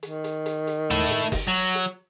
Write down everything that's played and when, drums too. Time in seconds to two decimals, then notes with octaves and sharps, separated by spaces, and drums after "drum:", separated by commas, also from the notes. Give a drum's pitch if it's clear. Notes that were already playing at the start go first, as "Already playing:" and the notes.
0.03 D#3, drum: hi-hat
0.24 drum: hi-hat
0.46 drum: hi-hat
0.67 drum: hi-hat
0.90 A3 E4, drum: tom D#2
1.10 drum: hi-hat
1.32 drum: kick F#1, open hi-hat
1.48 F#3
1.75 drum: hi-hat